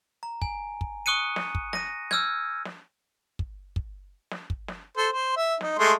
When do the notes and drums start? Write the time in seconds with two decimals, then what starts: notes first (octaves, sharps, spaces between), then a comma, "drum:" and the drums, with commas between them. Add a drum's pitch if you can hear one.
0.23 A#5
0.42 G#5, drum: kick
0.81 drum: kick
1.06 C#6 D#6 F#6 C#7 D#7
1.36 drum: snare
1.55 drum: kick
1.73 A#6 D#7, drum: snare
2.11 E6 F6 G6 G#6, drum: snare
2.65 drum: snare
3.39 drum: kick
3.76 drum: kick
4.31 drum: snare
4.50 drum: kick
4.68 drum: snare
4.97 A4 C5
5.13 C5
5.37 E5
5.61 D#4, drum: snare
5.79 G#3 A3 C6